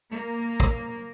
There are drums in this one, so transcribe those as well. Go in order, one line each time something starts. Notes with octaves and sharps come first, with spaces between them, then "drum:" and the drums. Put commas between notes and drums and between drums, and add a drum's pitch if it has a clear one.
A#3
drum: kick